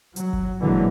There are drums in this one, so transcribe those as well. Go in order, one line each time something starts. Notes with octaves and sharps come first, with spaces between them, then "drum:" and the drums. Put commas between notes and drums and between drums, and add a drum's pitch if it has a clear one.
F#3, drum: hi-hat
drum: kick G1
A#2 D3 E3 F#3 G#3 A#3